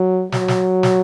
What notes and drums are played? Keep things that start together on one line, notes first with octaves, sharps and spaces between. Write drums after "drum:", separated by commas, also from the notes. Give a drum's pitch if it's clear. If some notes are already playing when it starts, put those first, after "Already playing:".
Already playing: F#3
F#3, drum: snare
drum: snare
drum: snare